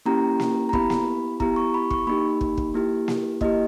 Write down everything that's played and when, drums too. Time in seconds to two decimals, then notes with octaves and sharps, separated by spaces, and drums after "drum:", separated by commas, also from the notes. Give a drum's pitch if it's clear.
0.06 A#3 C#4 E4 G4 A#5
0.40 drum: snare A#3
0.69 A#5
0.73 B3 E4 G4 B5, drum: kick
0.90 drum: snare A#3
1.40 B3 E4 G4 A#5, drum: kick
1.56 C#6
1.74 B5
1.91 C#6, drum: kick
2.07 A#3 D#4 G4 B5
2.41 drum: kick
2.57 drum: kick
2.74 A#3 E4 G4
3.08 drum: snare A#3
3.41 A#3 E4 G4 D#5, drum: kick